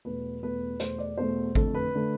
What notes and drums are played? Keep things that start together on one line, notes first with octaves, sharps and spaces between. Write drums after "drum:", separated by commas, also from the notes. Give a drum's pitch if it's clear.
E2 B2 A3 B4
E2 B2 A3 B4
E2 B2 A3 C5, drum: hi-hat
D5
E2 B2 A3 C5
F2 D3 A3 A4, drum: kick G#1
B4
D3 A3